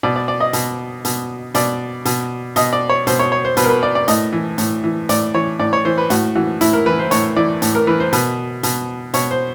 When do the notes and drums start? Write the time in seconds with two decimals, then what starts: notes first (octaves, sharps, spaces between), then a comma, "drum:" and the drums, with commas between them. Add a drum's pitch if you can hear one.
0.03 B2 D5
0.16 D5
0.28 D5
0.40 D#5
0.53 B2, drum: hi-hat
1.05 B2, drum: hi-hat
1.54 B2 D5, drum: hi-hat
2.05 B2, drum: hi-hat
2.56 B2 D#5, drum: hi-hat
2.73 D5
2.89 C#5
3.07 B2 C5, drum: hi-hat
3.19 C#5
3.32 C#5
3.45 C5
3.57 B2 B4, drum: hi-hat
3.64 A#4
3.70 B4
3.83 D5
3.95 D5
4.08 A2 D#5, drum: hi-hat
4.33 E3
4.58 A2, drum: hi-hat
4.84 E3
5.09 A2 D5, drum: hi-hat
5.34 E3 C#5
5.59 A2 D5
5.73 C#5
5.85 E3 C5
5.98 B4
6.10 A2 F#4, drum: hi-hat
6.35 E3 F#4
6.61 A2 E4, drum: hi-hat
6.73 A#4
6.86 E3 B4
6.99 C5
7.11 A2 C#5, drum: hi-hat
7.36 E3 D5
7.62 A2, drum: hi-hat
7.75 A#4
7.87 E3 B4
8.00 C5
8.13 B2 B4, drum: hi-hat
8.63 B2, drum: hi-hat
9.14 B2 C#5, drum: hi-hat
9.31 C5